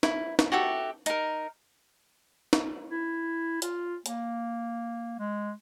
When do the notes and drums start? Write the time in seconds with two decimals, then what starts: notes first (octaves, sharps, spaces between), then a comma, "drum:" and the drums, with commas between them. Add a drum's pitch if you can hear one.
0.03 E4, drum: snare
0.39 drum: snare
0.52 F#4 G4 A4 E5
1.06 D#4 A#4, drum: hi-hat
2.53 drum: snare
2.91 E4
3.62 F4, drum: hi-hat
4.06 A#3, drum: hi-hat
5.19 G#3